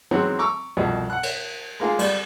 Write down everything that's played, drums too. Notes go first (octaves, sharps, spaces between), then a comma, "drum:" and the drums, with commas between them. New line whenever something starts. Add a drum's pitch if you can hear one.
D#3 E3 F#3 G#3 B3 C4
A#5 C#6 D6 E6
C2 F2 B2
F#5 F#6
drum: cymbal
G#3 A#3 F4 G#4
G3, drum: cymbal